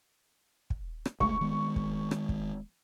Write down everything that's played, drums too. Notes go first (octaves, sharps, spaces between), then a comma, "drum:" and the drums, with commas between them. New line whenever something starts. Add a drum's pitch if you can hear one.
drum: kick
drum: rim click
C#2 G#3 A3 C#6, drum: kick
D#3 G#3 B3
drum: kick
drum: rim click
drum: kick